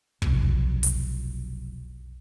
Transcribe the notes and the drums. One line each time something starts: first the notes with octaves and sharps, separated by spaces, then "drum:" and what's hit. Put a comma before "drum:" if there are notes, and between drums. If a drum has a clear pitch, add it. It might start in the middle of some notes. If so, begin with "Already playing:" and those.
F1 B1, drum: kick
drum: hi-hat